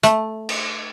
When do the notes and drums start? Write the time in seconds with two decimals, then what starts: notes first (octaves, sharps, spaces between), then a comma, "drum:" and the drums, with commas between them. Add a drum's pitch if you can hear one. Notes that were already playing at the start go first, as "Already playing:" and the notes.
0.03 A3, drum: hi-hat
0.49 drum: cymbal